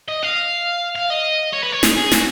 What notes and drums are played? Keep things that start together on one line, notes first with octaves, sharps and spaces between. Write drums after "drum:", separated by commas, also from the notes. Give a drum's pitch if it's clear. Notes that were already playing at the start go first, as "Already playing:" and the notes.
D#5
F5
F5
D#5
C#5
B4
C#5
G#4, drum: snare
G#4
F#4, drum: snare